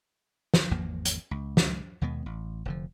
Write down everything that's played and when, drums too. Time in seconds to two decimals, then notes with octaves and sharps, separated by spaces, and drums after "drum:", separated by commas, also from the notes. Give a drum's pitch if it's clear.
0.54 drum: snare
0.71 G#1 E2 F3 A#3
1.05 drum: hi-hat
1.31 C#2
1.57 drum: snare
2.01 D#2 B2 G#3 B3
2.26 A1
2.65 F1 D3 F3